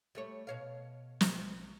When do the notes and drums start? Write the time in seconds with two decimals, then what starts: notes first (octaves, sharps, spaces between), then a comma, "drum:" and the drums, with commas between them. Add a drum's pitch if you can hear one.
0.15 G3 A3 C#5
0.47 B2 C#5 F5
1.21 drum: snare